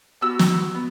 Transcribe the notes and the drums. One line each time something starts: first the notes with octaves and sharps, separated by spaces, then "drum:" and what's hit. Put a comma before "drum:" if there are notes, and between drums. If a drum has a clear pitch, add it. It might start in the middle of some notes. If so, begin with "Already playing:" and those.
B3 F#4 E6
drum: snare
B3